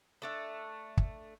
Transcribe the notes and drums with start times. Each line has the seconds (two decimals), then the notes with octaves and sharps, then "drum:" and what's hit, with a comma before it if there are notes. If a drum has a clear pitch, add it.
0.22 A3 D4 E5
0.97 drum: kick